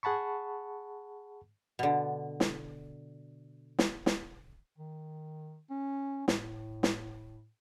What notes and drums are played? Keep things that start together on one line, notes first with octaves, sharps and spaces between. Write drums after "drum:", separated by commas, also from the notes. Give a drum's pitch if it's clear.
G#4 F#5 A5 B5 C#6
B2 D3
drum: snare
drum: snare
drum: snare
D#3
C#4
A2, drum: snare
drum: snare